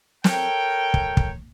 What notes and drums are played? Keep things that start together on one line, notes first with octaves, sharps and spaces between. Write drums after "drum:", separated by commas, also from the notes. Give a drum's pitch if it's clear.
A4 A#4 C#5 G5, drum: snare
drum: kick
drum: kick